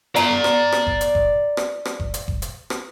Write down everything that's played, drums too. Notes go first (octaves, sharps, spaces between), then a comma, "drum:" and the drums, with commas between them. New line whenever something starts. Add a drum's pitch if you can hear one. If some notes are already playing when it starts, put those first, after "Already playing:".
D5 A#5, drum: hi-hat
drum: rim click
drum: rim click
drum: kick F#1
drum: hi-hat
drum: kick F#1
drum: rim click
drum: rim click
drum: kick F#1
drum: hi-hat
drum: kick F#1
drum: hi-hat
drum: rim click